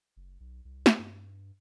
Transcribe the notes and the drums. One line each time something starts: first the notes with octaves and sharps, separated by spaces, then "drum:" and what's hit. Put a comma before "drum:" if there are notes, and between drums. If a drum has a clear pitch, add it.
F#1
B1
C2
drum: snare
G2